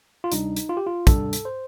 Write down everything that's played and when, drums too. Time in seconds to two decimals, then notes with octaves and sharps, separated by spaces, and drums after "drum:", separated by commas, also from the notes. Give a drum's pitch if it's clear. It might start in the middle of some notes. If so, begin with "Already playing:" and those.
0.24 F4
0.32 D2 C3 G3 D4 D#4, drum: hi-hat
0.56 drum: hi-hat
0.69 F4
0.77 G4
0.86 F4
1.07 D2 C3 G3 D4 A4, drum: kick, hi-hat
1.33 drum: hi-hat
1.45 C5